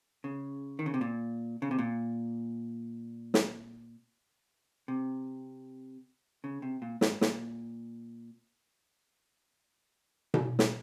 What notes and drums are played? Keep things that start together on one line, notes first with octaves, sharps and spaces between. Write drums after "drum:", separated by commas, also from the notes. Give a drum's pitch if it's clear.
C#3
D#3
C#3
C3
A#2
C#3
C3
A#2
drum: snare
C3
C#3
C3
A#2
G#2, drum: snare
A#2, drum: snare
drum: tom B2
drum: snare